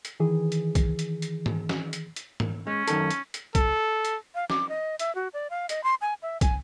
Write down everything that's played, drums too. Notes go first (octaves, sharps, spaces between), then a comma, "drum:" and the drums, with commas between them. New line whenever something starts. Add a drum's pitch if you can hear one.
drum: hi-hat
D#3 E3 G#4
drum: hi-hat
drum: kick, hi-hat
drum: hi-hat
drum: hi-hat
drum: tom G#2
drum: snare
drum: hi-hat
drum: hi-hat
drum: tom G#2
G#3 C#4
F#2 D#3 A4, drum: hi-hat
drum: hi-hat
drum: hi-hat
A4, drum: kick, hi-hat
drum: hi-hat
F5
D6, drum: snare
D#5
E5, drum: hi-hat
F#4
D5
F5
D#5, drum: hi-hat
C6
G#5
E5
G#5, drum: kick, hi-hat